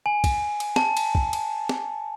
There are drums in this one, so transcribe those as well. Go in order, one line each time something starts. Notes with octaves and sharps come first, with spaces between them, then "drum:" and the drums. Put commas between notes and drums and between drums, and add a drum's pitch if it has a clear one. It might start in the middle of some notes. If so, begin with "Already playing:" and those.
G#5
drum: kick, cymbal
drum: cymbal
A5, drum: snare
drum: cymbal
drum: kick
drum: cymbal
drum: snare